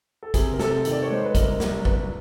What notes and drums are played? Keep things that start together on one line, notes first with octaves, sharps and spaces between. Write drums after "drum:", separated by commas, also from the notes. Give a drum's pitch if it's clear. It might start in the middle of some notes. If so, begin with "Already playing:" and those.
A4
C3 G#4, drum: kick, hi-hat
A#4
C3 A4, drum: snare
D#3, drum: hi-hat
D5
C#5
G#3 C5
B4
C2 A#4, drum: kick, hi-hat
C2, drum: snare
C2 B4, drum: kick